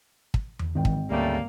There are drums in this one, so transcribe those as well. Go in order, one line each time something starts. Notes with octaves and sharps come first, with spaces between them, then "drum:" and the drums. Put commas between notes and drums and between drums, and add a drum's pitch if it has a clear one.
drum: kick
drum: tom E2
G#1 G#2 D#3 E3 G5
drum: kick
D2 C#3 G3 A3 A#3